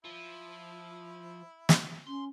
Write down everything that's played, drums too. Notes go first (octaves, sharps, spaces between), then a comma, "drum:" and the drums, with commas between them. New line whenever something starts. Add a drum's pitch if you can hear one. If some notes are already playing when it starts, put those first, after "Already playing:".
F3 E4
drum: snare
C#4 C6